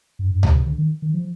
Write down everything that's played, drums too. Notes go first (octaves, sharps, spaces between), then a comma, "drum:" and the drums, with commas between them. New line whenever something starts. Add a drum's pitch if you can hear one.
G2
G2
A#2, drum: tom C#2
C3
D3
D#3
D#3
F3